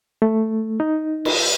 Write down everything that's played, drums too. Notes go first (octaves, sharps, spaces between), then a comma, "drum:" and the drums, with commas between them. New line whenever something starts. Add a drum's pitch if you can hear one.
A3
D#4
drum: cymbal